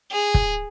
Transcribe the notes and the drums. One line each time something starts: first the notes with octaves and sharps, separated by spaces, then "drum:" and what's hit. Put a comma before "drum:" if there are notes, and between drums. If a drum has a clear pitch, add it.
G#4
drum: kick